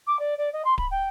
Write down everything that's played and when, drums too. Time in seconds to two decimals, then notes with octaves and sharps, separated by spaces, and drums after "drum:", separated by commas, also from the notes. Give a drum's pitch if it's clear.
0.07 D6
0.19 D5
0.38 D5
0.53 D#5
0.65 C6
0.78 B5, drum: kick D1
0.91 G5